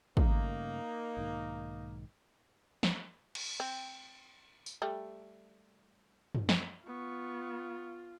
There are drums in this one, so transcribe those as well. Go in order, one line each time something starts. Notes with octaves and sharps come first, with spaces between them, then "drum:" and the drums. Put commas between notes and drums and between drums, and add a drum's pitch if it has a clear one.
G2 C#3 A3 A#3 D#4, drum: kick
B1 G#2 D#3
drum: snare
drum: cymbal
C4
drum: tambourine
G3 A3
drum: tom
drum: snare
B3 F4 C#6